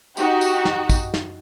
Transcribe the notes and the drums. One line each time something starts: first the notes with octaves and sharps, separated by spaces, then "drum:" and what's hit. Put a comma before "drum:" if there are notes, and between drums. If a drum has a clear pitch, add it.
D#4 F#4 G4, drum: tambourine
drum: tambourine
drum: snare
drum: kick, tambourine
drum: snare